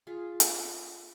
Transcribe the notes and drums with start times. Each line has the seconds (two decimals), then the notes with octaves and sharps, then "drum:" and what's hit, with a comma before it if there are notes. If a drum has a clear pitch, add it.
0.07 F4 G#4
0.40 drum: hi-hat